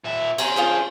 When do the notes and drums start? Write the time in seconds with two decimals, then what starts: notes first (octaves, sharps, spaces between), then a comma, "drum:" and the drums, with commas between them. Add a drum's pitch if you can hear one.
0.05 A#2 E5
0.38 C#4 D4 C5 A#5, drum: cymbal
0.56 F4 G#4 C5